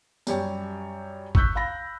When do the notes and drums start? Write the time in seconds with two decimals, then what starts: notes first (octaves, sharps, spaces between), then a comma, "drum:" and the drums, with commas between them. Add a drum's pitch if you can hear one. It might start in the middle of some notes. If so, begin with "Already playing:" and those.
0.27 F#2 G3 G4 C#5 G5, drum: tambourine
1.35 C#6 E6 F#6 G6 B6, drum: kick G#1
1.55 F5 B5 A#6